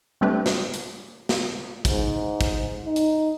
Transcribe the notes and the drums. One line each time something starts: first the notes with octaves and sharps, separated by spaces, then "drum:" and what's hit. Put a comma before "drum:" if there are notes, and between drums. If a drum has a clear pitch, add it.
G3 A3 C4 D4 G4 B4
drum: snare
drum: hi-hat
drum: snare
G#2, drum: kick, hi-hat
drum: kick, hi-hat
D#4
drum: hi-hat